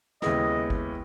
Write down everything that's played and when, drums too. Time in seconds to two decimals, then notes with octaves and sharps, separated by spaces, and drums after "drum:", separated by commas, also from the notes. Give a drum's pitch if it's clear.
0.22 D#2 C#3 G#3 B3 E4 D#5, drum: snare
0.70 drum: kick